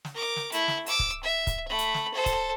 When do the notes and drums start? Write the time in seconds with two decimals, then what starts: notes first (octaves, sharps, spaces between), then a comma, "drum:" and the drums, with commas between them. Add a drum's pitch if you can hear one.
0.05 drum: snare
0.14 A#4 D6
0.36 drum: snare
0.52 A3 E4, drum: hi-hat
0.68 drum: snare
0.86 D6 E6, drum: hi-hat
0.99 drum: kick C#1
1.23 E5
1.47 drum: kick C#1, hi-hat
1.68 A3 B5
1.79 drum: hi-hat
1.94 drum: snare
2.14 A4 C5
2.26 drum: kick C#1, hi-hat